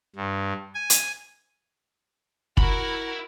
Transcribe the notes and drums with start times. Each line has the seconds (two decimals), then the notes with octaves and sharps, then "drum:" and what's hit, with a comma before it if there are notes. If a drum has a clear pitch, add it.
0.16 G2
0.75 G#5
0.90 drum: hi-hat
2.57 E4 F#4 A#4 B5, drum: kick